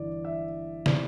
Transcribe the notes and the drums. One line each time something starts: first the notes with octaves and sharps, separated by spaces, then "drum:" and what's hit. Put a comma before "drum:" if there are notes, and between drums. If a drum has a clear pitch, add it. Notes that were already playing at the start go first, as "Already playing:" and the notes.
Already playing: G1 G2 E3 D5
E5
C3 E3 D5, drum: snare